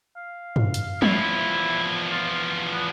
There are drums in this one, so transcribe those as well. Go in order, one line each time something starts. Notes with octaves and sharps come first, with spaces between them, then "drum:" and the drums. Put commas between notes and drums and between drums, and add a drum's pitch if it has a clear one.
F5
drum: tom
drum: hi-hat
E2 F3 E4, drum: tom
F4
B3